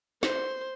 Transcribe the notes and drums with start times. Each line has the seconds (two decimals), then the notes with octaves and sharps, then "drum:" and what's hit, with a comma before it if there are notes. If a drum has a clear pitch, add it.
0.23 C5, drum: snare